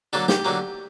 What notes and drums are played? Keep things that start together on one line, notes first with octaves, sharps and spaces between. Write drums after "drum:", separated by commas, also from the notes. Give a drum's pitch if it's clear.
D3 F#3 A#3 A4
G4, drum: snare
D3 F#3 A#3